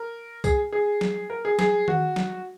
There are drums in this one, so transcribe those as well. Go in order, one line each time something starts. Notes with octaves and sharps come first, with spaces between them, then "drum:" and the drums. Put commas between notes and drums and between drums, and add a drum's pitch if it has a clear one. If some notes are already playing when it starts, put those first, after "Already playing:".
Already playing: A#4
G#4, drum: kick C2, tambourine
G#4
drum: snare
A#4
G#4
G#4, drum: snare
F#4, drum: tom D#3
drum: snare